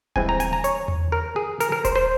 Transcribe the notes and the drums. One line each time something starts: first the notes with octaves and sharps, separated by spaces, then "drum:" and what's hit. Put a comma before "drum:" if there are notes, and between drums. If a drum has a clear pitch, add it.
G2 E3 G#3 C4 E4 G#5, drum: kick D#1
A#5
G#5, drum: hi-hat
A#5
C#5, drum: hi-hat
drum: tom E2
A#4
G#4
A#4, drum: hi-hat
A#4
C5, drum: kick D#1, hi-hat
C5